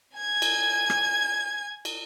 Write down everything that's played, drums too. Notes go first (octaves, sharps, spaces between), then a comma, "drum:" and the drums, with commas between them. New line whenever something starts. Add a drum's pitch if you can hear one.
G#5 G#6
drum: cymbal
drum: rim click
drum: cymbal